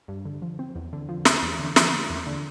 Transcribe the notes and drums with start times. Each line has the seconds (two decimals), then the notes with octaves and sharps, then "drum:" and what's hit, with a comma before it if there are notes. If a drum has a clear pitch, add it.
0.08 G2
0.25 D3
0.42 F3
0.59 C4
0.75 E2
0.93 D3
1.09 F3
1.25 A#3, drum: snare
1.42 E2
1.59 D3
1.76 F3, drum: snare
1.93 A#3
2.10 E2
2.27 D3